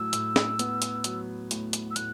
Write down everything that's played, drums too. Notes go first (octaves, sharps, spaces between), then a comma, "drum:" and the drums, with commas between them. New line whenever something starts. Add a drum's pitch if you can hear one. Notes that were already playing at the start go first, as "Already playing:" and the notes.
Already playing: A2 F#3 E6
A2, drum: hi-hat
drum: snare
B3, drum: hi-hat
drum: hi-hat
F#3, drum: hi-hat
A2, drum: hi-hat
drum: hi-hat
E6
A2 F#6, drum: hi-hat